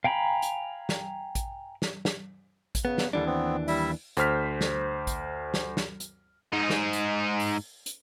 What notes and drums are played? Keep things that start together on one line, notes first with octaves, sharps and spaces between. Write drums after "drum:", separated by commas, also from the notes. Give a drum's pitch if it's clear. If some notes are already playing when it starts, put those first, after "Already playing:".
F5 G5 G#5 A#5 B5
drum: hi-hat
drum: snare
drum: kick A1, hi-hat
drum: snare
drum: snare
drum: kick A1, hi-hat
C#3 B3
drum: snare
D#2 D3 E3 G3 D4
B3 C4
G3 E4 E5, drum: open hi-hat
D2 C5 F6 B6, drum: hi-hat
drum: snare
drum: kick A1, hi-hat
drum: snare
drum: snare
drum: hi-hat
G#2 D#4
drum: snare
drum: hi-hat
drum: open hi-hat
drum: hi-hat